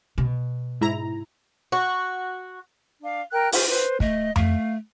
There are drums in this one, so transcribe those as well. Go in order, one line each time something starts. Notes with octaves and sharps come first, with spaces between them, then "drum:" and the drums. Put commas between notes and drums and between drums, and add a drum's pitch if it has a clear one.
B2
G#2 E4 A#5
F#4
D4 F5
A#4 G5 F#6
F4 C5, drum: open hi-hat
B4 C5
A3 D#5, drum: kick
A3 F5, drum: tom F2